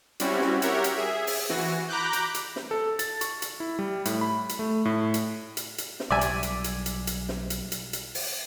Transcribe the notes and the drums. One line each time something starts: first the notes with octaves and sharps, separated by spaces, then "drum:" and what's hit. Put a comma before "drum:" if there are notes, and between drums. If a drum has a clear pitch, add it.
G3 C4 C#4 E4 F#4, drum: hi-hat
drum: snare
G4 A#4 C#5 E5 F#5, drum: hi-hat
drum: hi-hat
G#4 E5
drum: open hi-hat
E3 F#4, drum: snare
A#5 B5 D6 F#6 G6
drum: hi-hat
drum: hi-hat
drum: snare
A4
A6, drum: hi-hat
C#6, drum: hi-hat
drum: hi-hat
E4
G3
A2, drum: hi-hat
B5
drum: hi-hat
A3
A2
drum: hi-hat
drum: hi-hat
drum: hi-hat
drum: snare
B1 G3 D5 E5 G#5
drum: hi-hat
drum: hi-hat
drum: hi-hat
drum: hi-hat
drum: hi-hat
drum: snare
drum: hi-hat
drum: hi-hat
drum: hi-hat
drum: open hi-hat